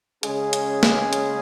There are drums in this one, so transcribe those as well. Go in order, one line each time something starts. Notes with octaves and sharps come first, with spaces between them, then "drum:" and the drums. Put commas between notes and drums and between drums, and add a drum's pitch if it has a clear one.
C#3 G#3 C#4 G#4, drum: hi-hat
drum: hi-hat
drum: snare
drum: hi-hat